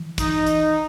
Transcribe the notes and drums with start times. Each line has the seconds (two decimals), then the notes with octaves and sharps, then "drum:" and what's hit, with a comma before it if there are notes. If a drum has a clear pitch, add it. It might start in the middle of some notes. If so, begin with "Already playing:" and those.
Already playing: E3
0.18 D#4, drum: kick, hi-hat
0.46 drum: hi-hat